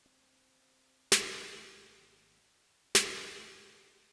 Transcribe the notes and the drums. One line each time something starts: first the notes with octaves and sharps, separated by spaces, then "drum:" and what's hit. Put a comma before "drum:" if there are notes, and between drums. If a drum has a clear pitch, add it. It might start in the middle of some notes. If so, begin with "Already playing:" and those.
C4
G#1 A#2 G3 A#3, drum: snare
F#2 D4 D5 A#5, drum: snare